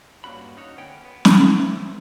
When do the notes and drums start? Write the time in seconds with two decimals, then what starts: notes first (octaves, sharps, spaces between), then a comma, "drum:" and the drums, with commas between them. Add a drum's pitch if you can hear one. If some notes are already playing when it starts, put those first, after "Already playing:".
0.24 G2 A#3 C#4 F#4 B5
0.57 C#4 D#4 F#4 C#5
0.77 D2 B3 C#4 F#5 G5
1.05 B3
1.25 drum: snare
1.60 E3 A3 C4 E4